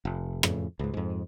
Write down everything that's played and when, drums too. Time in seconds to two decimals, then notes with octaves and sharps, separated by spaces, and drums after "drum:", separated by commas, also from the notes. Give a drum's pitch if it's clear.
0.05 F1
0.43 F2 A2 C#3, drum: rim click
0.79 C#2 G#2
0.94 F2 G#2